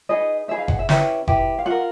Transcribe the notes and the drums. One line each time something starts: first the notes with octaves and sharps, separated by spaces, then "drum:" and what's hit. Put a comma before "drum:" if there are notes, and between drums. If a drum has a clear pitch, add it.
D#4 G#4 B4 D#5
D#4 G#4 B4 E5
F5
F#5, drum: kick F#1
E5
C#4 E4 G4 B4, drum: snare
E4 G4 B4, drum: kick F#1
F5
F4 A#4 F#5